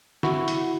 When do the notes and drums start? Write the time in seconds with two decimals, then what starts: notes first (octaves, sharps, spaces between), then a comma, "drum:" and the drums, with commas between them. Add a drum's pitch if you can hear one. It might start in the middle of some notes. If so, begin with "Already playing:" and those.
0.23 E4 F#4, drum: snare
0.48 drum: hi-hat